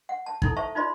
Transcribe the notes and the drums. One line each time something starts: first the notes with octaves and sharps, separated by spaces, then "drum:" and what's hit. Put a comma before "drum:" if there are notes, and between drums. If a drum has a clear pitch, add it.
F#5
A5
D#4 E4 A4, drum: kick
C5 E5 A5 C#6
D#4 F4 C5 D5 C6